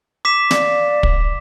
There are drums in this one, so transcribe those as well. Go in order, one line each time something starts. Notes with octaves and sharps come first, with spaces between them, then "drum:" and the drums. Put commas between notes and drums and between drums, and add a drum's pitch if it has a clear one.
D6 B6 E7
D5 F5, drum: snare
drum: kick